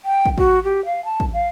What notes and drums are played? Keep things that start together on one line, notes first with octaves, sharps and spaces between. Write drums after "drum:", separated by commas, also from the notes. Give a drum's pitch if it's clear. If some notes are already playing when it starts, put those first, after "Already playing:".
G5
drum: kick
F#4, drum: kick
G4
F5
A5
drum: kick
F5